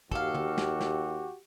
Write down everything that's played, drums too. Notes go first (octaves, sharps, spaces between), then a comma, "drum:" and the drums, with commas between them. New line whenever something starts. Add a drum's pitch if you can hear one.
D#2 F#4 G4 A4 F5, drum: kick
drum: tom
drum: snare
drum: snare